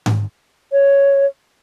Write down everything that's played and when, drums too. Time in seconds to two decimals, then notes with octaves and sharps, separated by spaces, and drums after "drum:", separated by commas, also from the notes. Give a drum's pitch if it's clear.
0.06 drum: tom G#2
0.72 C#5